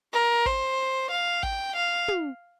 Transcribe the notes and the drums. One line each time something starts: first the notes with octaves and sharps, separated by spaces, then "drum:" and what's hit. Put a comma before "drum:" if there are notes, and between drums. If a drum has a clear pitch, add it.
A#4
C5, drum: kick
F5
G5, drum: kick
F5
drum: tom